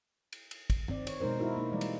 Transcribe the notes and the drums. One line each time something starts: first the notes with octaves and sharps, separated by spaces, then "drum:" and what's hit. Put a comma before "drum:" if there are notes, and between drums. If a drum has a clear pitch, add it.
drum: cymbal
drum: cymbal
drum: kick, cymbal
D#3 C4 D5, drum: tom G2
C#5, drum: cymbal
B2 G#3 D#4 A#4 C5
G#3 D#4 E4 F#4 A#4
A#3 D#4
E3 G3 G#3 D5
drum: cymbal